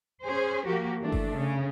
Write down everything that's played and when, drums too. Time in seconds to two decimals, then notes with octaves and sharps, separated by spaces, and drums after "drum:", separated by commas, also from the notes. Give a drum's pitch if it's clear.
0.25 C#4 G#4 C5
0.66 F3 A#3 F#4 G4
1.02 E3 A3 D4
1.12 drum: kick G1
1.38 C#3